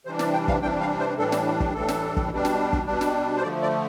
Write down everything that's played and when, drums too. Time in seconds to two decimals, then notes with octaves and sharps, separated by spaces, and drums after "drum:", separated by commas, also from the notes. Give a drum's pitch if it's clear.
0.05 C3 E3 G3 D4 C5
0.19 D5, drum: snare
0.33 G5
0.48 F5, drum: kick
0.62 C3 E3 G3 D4 G5
0.80 F5
0.99 C5
1.18 A2 E3 G3 D4 A4
1.32 drum: snare
1.60 drum: kick
1.74 A2 E3 G3 D4 A4
1.88 drum: snare
2.17 drum: kick
2.31 B2 G3 D4
2.45 drum: snare
2.73 drum: kick
2.86 B2 G3 D4
3.01 drum: snare
3.37 C5
3.43 D3 F3 A3 D5
3.62 D5